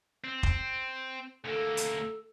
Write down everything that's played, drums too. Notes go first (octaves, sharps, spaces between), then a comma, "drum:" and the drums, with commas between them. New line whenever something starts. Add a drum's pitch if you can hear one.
C4
drum: kick
D2 A#3 A4
drum: hi-hat